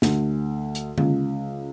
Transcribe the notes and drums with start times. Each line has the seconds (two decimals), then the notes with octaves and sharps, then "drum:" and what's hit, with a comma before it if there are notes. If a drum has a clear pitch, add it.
0.02 D2, drum: snare
0.75 drum: hi-hat
0.98 C#2, drum: tom D3